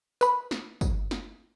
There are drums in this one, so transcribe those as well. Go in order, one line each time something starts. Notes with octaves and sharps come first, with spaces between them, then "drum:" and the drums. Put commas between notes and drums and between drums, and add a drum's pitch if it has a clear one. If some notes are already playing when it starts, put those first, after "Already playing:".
B4 B5, drum: tambourine
drum: snare
drum: kick, tambourine
drum: snare